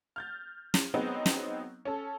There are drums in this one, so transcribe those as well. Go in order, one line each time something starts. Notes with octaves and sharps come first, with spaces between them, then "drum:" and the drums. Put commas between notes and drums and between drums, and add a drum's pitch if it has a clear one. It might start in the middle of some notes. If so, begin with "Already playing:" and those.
F6 G6 A6
drum: snare
F#3 G#3 B3 C4 D#4
drum: snare
C#4 A4